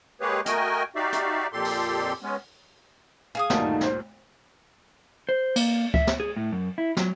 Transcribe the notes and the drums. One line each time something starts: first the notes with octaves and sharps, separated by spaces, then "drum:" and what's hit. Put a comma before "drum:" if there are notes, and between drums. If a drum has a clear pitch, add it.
G#3 A#3 G4 G#4 B4 C#5
A3 F#4 A#4 D#5 G5 G#5, drum: hi-hat
D#4 F#4 G4 D5 E5 F5
drum: hi-hat
F2 A#2 G4 A4 C6
drum: open hi-hat
G#3 B3 C#4
G#4 F5 G#5 D#6
D2 G2 A#2 D#3 A3 D#4 A5, drum: snare
C5, drum: snare
C5
A#3, drum: cymbal
E5, drum: kick C#2
drum: snare
G#4
A2
F#2
E4
F#3, drum: snare